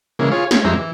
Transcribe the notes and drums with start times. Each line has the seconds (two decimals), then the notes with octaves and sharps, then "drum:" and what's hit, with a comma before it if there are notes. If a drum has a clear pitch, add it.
0.19 C#3 E3 G#3 A#3
0.32 F4 G#4 C#5
0.51 C#4 G#4, drum: snare
0.65 F2 G#3 C4 E4 G4 A#5
0.77 E3